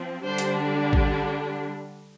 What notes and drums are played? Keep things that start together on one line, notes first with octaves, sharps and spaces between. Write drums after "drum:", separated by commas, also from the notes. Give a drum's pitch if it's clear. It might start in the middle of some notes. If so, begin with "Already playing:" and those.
Already playing: F3 C4
D3 G3 D4 C5
drum: hi-hat
drum: kick A1